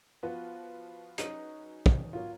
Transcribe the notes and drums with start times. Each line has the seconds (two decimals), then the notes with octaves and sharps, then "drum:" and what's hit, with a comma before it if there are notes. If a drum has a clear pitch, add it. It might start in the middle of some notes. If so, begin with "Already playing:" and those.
0.23 F3 B3 F4 F#4 B4
1.18 F#3 C#4 D#4 G#4 B4, drum: hi-hat
1.86 drum: kick
2.13 F#3 B3 F4 F#4 A#4 C#5